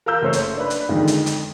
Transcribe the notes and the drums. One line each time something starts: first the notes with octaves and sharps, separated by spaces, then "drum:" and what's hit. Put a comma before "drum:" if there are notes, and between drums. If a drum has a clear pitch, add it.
A#4 F5 A#5 E6 G6
F#1 A3 C5 C#5
drum: hi-hat
D4 B4
drum: hi-hat
F2 D3 D#3 G#3
drum: hi-hat
drum: hi-hat